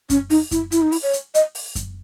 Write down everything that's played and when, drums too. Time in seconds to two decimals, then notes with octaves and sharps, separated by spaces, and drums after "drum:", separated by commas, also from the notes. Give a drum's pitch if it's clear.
0.10 C#4, drum: kick F#2, hi-hat
0.30 D#4, drum: open hi-hat
0.51 E4, drum: kick F#2, hi-hat
0.72 E4, drum: hi-hat
0.82 D#4
0.92 E4, drum: open hi-hat
1.03 C#5
1.13 drum: hi-hat
1.35 D#5, drum: hi-hat
1.55 drum: open hi-hat
1.75 drum: kick F#2, hi-hat